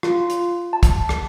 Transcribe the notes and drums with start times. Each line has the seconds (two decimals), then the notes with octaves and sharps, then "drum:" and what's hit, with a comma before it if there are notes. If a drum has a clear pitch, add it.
0.03 F4, drum: rim click
0.30 drum: hi-hat
0.73 A5
0.83 drum: kick, hi-hat
1.09 drum: rim click